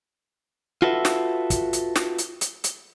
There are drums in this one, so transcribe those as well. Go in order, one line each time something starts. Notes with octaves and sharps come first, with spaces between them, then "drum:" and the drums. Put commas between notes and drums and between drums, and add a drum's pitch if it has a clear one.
F4 F#4 A4 B4 E5
drum: snare
drum: kick, hi-hat
drum: hi-hat
drum: snare
drum: hi-hat
drum: hi-hat
drum: hi-hat